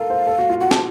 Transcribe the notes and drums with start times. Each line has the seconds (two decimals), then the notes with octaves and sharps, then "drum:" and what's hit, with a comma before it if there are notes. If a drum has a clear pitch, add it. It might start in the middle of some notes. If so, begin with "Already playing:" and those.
Already playing: A4 A#4 F5
0.10 C5
0.27 A4
0.38 F#4
0.49 F4
0.61 F#4 F#5
0.71 A5, drum: snare